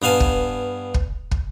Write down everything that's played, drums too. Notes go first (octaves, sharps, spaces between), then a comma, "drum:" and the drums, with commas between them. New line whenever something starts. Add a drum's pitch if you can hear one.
G2 B3 F5 G#5 A5
drum: kick
drum: kick
drum: kick